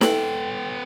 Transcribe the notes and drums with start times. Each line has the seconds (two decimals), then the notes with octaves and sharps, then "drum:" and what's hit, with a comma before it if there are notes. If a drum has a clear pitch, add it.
0.01 B3 A4 G5, drum: snare